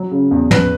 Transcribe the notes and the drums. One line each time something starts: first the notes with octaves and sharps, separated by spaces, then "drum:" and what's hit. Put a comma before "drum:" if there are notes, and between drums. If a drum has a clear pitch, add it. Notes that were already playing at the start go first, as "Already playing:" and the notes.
Already playing: F#3
C#3
E2
E2 B4, drum: tom